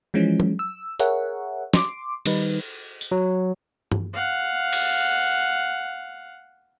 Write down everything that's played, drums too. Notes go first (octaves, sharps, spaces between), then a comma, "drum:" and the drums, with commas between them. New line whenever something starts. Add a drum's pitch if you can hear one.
E3 F3 G#3 C#4
drum: tom F#3
E6
G#4 A#4 C#5 E5 F#5, drum: hi-hat
C6 D6, drum: snare
D#3 G3 D#4 B4, drum: cymbal
drum: tambourine
F#3
drum: tom G2
F5 F#5
drum: cymbal